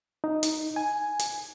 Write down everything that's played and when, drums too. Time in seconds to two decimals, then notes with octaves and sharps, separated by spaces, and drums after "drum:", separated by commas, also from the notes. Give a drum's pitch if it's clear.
0.24 D#4
0.43 drum: hi-hat
0.76 G#5
1.20 drum: hi-hat